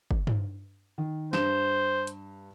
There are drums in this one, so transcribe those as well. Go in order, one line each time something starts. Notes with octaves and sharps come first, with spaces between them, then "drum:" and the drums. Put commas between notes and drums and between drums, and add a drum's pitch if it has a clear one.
drum: kick
drum: tom G2
D#3
G2 C5 E7, drum: snare
drum: hi-hat